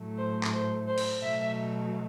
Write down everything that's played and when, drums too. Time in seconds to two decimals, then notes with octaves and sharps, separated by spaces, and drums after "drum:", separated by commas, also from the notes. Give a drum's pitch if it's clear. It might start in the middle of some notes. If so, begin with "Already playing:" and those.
Already playing: A2 F#3 A3
0.18 C5
0.43 drum: clap
0.53 C5
0.88 C5
0.98 drum: cymbal
1.22 B2 F#3 A3 E5